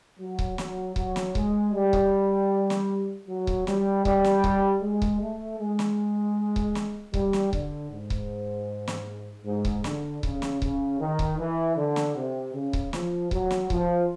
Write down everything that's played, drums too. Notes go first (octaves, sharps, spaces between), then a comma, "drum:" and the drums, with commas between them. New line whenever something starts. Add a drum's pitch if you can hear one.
F#3
drum: kick C#1
F#3, drum: snare
F#3, drum: kick C#1
drum: snare
G#3, drum: kick C#1
G3
drum: kick C#1
drum: snare
F#3
drum: kick C#1
G3, drum: snare
G3, drum: kick C#1
drum: snare
drum: kick C#1
G#3
drum: kick C#1
A3
G#3
drum: snare
drum: kick C#1
drum: snare
G3, drum: kick C#1
drum: snare
D3, drum: kick C#1
G#2
drum: kick C#1
drum: snare
G#2
drum: kick C#1
D3, drum: snare
C#3, drum: kick C#1
drum: snare
C#3, drum: kick C#1
D#3
drum: kick C#1
E3
D3
drum: snare
C3
C#3
drum: kick C#1
F3, drum: snare
F#3, drum: kick C#1
drum: snare
F3, drum: kick C#1